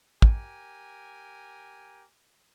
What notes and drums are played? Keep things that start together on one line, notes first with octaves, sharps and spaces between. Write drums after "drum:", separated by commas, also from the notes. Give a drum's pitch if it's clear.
G4 A#4 G#5, drum: kick